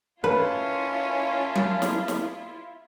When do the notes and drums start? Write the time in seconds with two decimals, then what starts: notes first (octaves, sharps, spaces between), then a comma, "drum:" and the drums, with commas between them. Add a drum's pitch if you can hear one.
0.24 F#2 C#4 E4 F4 B4 F5 A5
1.55 drum: tom F#3
1.82 drum: snare
2.08 drum: snare